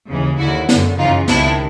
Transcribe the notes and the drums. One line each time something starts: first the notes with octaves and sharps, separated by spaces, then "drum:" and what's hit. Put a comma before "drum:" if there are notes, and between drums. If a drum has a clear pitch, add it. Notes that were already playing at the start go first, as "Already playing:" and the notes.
D#2 C#3 E3
D#2 D3 E4 F#4
F#2 D3, drum: snare
F#2 C#3 E3 D#4 F4
C#2 C3 D#3 D4 E4, drum: snare